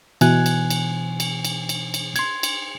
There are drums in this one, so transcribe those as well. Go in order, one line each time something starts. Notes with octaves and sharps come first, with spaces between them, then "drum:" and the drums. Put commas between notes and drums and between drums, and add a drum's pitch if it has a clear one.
B2 E3 G#5 F#6 G#6, drum: cymbal
drum: cymbal
drum: cymbal
drum: cymbal
drum: cymbal
drum: cymbal
drum: cymbal
C6 G#6, drum: cymbal
drum: cymbal